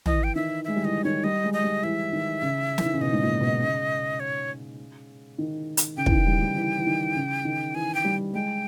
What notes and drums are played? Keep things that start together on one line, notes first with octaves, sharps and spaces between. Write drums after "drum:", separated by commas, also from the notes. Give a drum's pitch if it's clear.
E3 D#5, drum: tom
G5
D#3 E5
G#3 E5
G3
E3 D#5
D#3 C#5
G3 D#5
G#3
D#5
G3
E3 E5
D#3
C#3
E3, drum: snare
D#3
C#3
B2 D#5
G#2
A#2
B2
C#3
C#5
D#3
drum: hi-hat
C#3 G5
E3, drum: kick
D#3
G3
G3
E3
E3
D#3
C#3
D#3
E3 G#5
G5
G3
G#3 G5